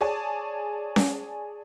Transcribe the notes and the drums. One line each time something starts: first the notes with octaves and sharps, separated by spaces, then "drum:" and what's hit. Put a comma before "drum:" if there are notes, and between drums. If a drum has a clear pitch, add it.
G#4 C#5 D5 G#5 A5
drum: snare C#4